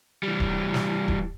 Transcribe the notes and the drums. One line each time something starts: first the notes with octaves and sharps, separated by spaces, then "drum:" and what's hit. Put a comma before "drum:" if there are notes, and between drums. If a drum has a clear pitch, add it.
E3 G3
drum: kick D1
drum: snare
drum: kick D1